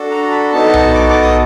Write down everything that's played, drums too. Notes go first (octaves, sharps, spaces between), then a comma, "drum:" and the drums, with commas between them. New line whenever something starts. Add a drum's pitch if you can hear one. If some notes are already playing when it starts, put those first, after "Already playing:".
Already playing: D4 F#4 A4
A#5
B5
B3 D#4 F#4 A4 A5
drum: tom B1
D6
D6
D#6